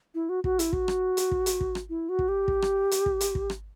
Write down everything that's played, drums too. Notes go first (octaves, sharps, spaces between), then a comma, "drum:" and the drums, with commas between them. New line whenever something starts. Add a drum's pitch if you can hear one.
E4
F#4
F#4, drum: kick
E4, drum: hi-hat
F#4, drum: kick
drum: rim click
drum: hi-hat
drum: kick
drum: hi-hat
drum: kick
drum: rim click
E4
F#4
drum: kick
G4
drum: kick
drum: rim click
drum: hi-hat
drum: kick
drum: hi-hat
drum: kick
drum: rim click